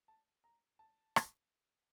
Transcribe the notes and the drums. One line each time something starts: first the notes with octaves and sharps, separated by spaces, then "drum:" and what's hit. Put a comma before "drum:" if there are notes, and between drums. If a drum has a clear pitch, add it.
A5
A#5
A5
drum: rim click